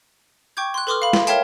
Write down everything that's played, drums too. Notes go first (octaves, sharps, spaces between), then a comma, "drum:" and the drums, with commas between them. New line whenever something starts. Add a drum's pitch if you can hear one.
G5 C#6 D6 G6 G#6
C6 F#6
A4 B4 C6 D6 D#6 F6
F5 B5
C6, drum: snare
A#4 C#5 E5 F5 G5 A5, drum: hi-hat